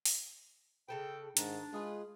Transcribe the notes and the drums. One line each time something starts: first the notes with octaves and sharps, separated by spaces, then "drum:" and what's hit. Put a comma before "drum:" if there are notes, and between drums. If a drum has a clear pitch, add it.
drum: open hi-hat
C#3 A4 B4 G5
G#2 D#3 D4, drum: hi-hat
G#3 F4 G#4 B4